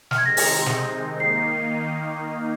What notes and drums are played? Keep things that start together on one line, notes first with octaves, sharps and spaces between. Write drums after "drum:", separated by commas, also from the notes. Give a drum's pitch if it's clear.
F6, drum: snare
G#6
C3 D#3 G#3 C4 D#4 A#6
drum: open hi-hat
drum: snare
D#3 A#3 D#4 C7